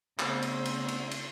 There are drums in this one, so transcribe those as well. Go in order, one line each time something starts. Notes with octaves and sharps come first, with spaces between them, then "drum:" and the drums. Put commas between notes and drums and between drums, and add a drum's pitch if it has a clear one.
C#3 A3 B3 C4 D4 C5 E6, drum: clap
drum: cymbal
drum: cymbal
drum: cymbal
drum: cymbal